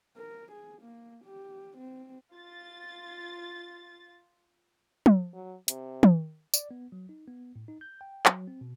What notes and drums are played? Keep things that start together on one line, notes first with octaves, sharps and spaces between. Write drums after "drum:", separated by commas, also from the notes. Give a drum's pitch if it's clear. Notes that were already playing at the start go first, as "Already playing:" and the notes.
A#4
G#4
A#3
G4
C4
F4 A6
drum: tom
F#3
C3, drum: hi-hat
drum: tom
D5, drum: tambourine
B3
F#3
D#4
B3
A2
D#4
G6
G5
F#3, drum: clap
C4
B2